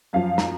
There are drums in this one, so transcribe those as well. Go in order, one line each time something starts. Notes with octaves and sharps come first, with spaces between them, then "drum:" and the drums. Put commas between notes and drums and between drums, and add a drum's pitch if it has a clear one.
F#2 F3 F5
A#5, drum: snare